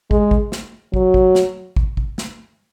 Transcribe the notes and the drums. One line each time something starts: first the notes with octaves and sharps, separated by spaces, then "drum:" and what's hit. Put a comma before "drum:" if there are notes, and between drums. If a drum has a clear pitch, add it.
G#3, drum: kick
drum: kick
drum: snare
F#3, drum: kick
drum: kick
drum: snare
drum: kick
drum: kick
drum: snare